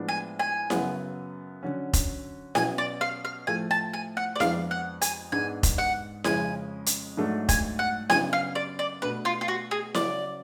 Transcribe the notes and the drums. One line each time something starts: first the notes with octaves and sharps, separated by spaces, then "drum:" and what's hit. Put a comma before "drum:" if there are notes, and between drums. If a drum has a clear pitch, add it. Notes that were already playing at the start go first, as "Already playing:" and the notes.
Already playing: A2 F3 G#3 B3 D4
G#5
G#5
F#2 C#3 F#3 B3, drum: snare E4
D3 F#3 C#4
drum: kick F1, hi-hat
B2 F#3 C#4 G#5, drum: snare E4
D5
F5
F5
A2 F3 A3 G#5
A5
G#5
F#5
D5
F2 F3 G#3 B3 D4 F5, drum: snare E4
F#5
G#5, drum: hi-hat
G#2 G#3 B3 D4 G#5
drum: kick F1, hi-hat
F#5
F2 C#3 G#3 C#4 G#5, drum: snare E4
drum: hi-hat
G#2 F#3 A3 D4
G#5, drum: kick F1, hi-hat
F#5
F#2 C#3 F#3 B3 D4 G#5, drum: snare E4
F5
D5
D5
B2 A3 D4 B4
F4
F4
F#4
G#4
C#3 F#3 C#4 D5, drum: snare E4